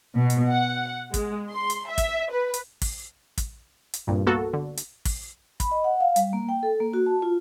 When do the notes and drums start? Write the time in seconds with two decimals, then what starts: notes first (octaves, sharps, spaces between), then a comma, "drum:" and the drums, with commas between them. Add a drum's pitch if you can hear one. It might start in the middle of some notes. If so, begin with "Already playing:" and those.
0.14 B2
0.30 drum: hi-hat
0.49 F#5
1.14 G#3, drum: kick, hi-hat
1.50 C6
1.70 drum: hi-hat
1.89 E5
1.98 drum: kick, hi-hat
2.30 B4
2.54 drum: hi-hat
2.82 drum: kick, open hi-hat
3.38 drum: kick, hi-hat
3.93 drum: hi-hat
4.07 C2 G2 A#2
4.27 A#3 B3 F#4 A4
4.53 D3
4.77 drum: hi-hat
5.05 drum: kick, open hi-hat
5.60 B5, drum: kick, hi-hat
5.71 D#5
5.84 F#5
6.01 F5
6.16 G3, drum: hi-hat
6.33 A#3
6.49 G5
6.63 A4
6.80 A#3
6.93 F#4
7.06 A5
7.22 F4